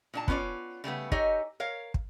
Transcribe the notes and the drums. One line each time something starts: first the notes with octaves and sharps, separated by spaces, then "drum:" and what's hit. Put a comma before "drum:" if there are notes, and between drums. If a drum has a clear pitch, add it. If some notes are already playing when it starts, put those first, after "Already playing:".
A#2 D4 A5
B3 C#4 F4 C#5 D5, drum: kick
C#3 G3 A3 B3
D#4 G4 A4 C#5 D#5 G#5, drum: kick
A#4 C#5 F5
drum: kick